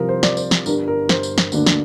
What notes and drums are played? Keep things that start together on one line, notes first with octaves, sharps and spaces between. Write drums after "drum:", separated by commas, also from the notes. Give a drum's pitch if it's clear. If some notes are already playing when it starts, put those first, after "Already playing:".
Already playing: C2 C3 F3 A#4
C5
D5, drum: snare
C5, drum: tambourine
drum: snare
G1 G2 G3 D4 A#4, drum: tambourine
A#4
C5, drum: snare
drum: tambourine
drum: snare
D2 D3 A#3 D4, drum: tambourine
drum: snare